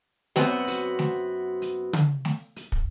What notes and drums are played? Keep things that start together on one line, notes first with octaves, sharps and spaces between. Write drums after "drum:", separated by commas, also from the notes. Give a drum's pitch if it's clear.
F#2 B3 C4 F#4 F#5, drum: snare A3
drum: open hi-hat
drum: snare A3
drum: hi-hat
drum: tom C#3
drum: snare A3
drum: hi-hat
drum: kick